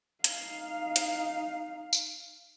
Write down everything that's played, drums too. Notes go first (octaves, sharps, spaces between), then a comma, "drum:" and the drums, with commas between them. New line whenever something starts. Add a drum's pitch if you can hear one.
D#4 F5, drum: hi-hat
drum: hi-hat
drum: tambourine